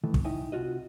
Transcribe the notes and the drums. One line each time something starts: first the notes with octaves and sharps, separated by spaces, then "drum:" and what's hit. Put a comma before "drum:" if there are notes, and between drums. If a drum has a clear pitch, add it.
D#3 E3 A3
drum: kick
D#4 E4 D#5 E5 G5 G#5
C3 F4 F#4 D#5